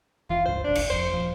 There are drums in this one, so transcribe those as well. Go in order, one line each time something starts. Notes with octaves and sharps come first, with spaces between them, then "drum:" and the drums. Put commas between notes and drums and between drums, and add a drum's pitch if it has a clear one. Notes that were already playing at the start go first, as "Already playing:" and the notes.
F1 E3 F4
G#1 C#2 G2 C5
D#1 G#1 D4
drum: cymbal
F1 F2 C5
D#1 F3